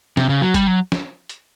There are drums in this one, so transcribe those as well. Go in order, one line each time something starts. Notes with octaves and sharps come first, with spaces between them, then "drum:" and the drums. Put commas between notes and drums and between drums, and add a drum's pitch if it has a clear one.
C3, drum: snare
C#3
F#3
G3, drum: kick, hi-hat
F#3
drum: snare
drum: hi-hat